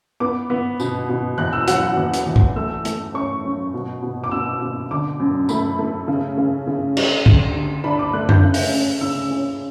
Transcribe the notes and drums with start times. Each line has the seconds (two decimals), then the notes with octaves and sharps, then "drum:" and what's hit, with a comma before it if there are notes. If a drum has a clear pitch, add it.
0.20 B3 D6
0.50 B3
0.80 B2, drum: tambourine
1.09 B2
1.38 E2 F#6
1.53 E6
1.68 F#3 F#5, drum: hi-hat
1.82 F#5
1.97 E2
2.14 drum: hi-hat
2.26 E2
2.36 drum: kick
2.56 A3 E6
2.85 A3, drum: hi-hat
3.14 C#4 C#6
3.44 F#2
3.74 B2
4.02 B2
4.24 D6
4.31 B2 E6
4.61 B2
4.90 D3 D6
5.20 F#2
5.49 A3 B5, drum: tambourine
5.79 A3
6.08 C#3
6.37 C#3
6.67 C#3
6.97 G3, drum: cymbal
7.26 D2, drum: kick
7.55 D3
7.84 D4 B5
7.99 D6
8.13 A3 F#6
8.29 G6, drum: tom F#2
8.43 C#3 F#6
8.54 drum: open hi-hat
8.72 C#4
9.01 C#3 E6
9.31 C#4